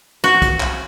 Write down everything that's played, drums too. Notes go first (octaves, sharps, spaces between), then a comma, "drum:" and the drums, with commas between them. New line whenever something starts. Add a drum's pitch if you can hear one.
F#4
drum: kick, hi-hat
drum: clap